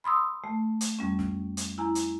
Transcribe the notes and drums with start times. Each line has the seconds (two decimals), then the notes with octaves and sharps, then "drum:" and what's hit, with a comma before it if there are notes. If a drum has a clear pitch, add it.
0.04 B5 C6 D#6 E6
0.44 A3
0.81 drum: hi-hat
0.99 F2 G3 C#4
1.19 drum: snare
1.57 drum: hi-hat
1.78 E4 G#5 A#5
1.95 drum: hi-hat